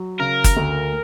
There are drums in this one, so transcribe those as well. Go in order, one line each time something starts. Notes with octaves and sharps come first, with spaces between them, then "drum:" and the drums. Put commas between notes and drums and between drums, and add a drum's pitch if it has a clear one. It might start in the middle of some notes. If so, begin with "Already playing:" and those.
Already playing: F#3
C#3 A#4
drum: kick, hi-hat
D2